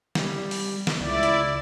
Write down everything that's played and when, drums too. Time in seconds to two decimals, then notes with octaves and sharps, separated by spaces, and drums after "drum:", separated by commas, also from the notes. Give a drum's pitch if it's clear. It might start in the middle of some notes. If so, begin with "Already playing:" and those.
0.15 G3, drum: snare
0.51 drum: open hi-hat
0.87 drum: snare
1.01 C#2 E4 D5
1.23 drum: hi-hat